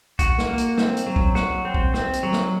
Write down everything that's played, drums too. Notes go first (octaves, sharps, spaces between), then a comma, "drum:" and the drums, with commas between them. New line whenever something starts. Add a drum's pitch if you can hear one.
F#4, drum: kick B1, hi-hat
drum: snare
A#3
drum: hi-hat
C4, drum: snare
drum: hi-hat
F#3
drum: kick B1
F#4, drum: snare
C4
drum: kick B1
C4, drum: snare
drum: hi-hat
F#3
drum: snare